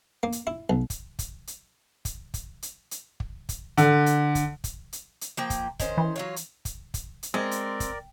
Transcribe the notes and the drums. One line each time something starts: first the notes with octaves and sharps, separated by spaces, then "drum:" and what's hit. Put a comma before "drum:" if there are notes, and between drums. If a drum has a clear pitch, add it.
A#3
drum: hi-hat
E4
B1
drum: kick, hi-hat
drum: kick, hi-hat
drum: hi-hat
drum: kick, hi-hat
drum: kick, hi-hat
drum: hi-hat
drum: hi-hat
drum: kick
drum: kick, hi-hat
D3, drum: hi-hat
drum: hi-hat
drum: kick, hi-hat
drum: kick, hi-hat
drum: hi-hat
drum: hi-hat
F3 A#3 G5
drum: kick, hi-hat
D#3 C#4 C5, drum: kick, hi-hat
E3
F#3 F4 C#5
drum: hi-hat
drum: kick, hi-hat
drum: kick, hi-hat
drum: hi-hat
G#3 C4 A#4 D5
drum: hi-hat
drum: kick, hi-hat